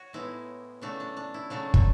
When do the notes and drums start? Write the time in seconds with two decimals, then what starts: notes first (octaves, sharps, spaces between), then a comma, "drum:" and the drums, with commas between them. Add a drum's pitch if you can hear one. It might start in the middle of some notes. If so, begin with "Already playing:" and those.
Already playing: F#4 C#5
0.13 A2 G#3 B3 E4
0.81 C#3 F#3 A3 D4
1.00 D4
1.17 D4
1.34 E4
1.50 C#3 F#3 A3 D4
1.74 drum: kick